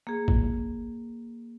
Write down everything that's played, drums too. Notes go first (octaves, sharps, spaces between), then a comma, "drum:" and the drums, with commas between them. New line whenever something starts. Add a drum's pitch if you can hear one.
A#3 G#4
drum: kick G#1